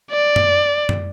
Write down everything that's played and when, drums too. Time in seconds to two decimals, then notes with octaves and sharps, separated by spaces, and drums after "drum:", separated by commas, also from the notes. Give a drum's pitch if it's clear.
0.11 D5
0.36 drum: tom F#2
0.89 drum: tom F#2